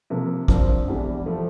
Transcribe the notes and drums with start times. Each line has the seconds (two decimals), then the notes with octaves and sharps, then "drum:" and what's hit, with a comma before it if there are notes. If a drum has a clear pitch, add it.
0.10 C3 F3 A#3
0.48 G2 F3 C4, drum: kick
0.88 E2 E3 G3 D4
1.26 F3 A3